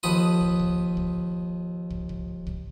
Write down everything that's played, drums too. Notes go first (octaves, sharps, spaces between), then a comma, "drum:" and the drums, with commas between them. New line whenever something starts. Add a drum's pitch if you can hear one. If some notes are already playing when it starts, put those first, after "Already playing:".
D#2 F3 B4 D#6
drum: kick
drum: kick
drum: kick
drum: kick
drum: kick
drum: kick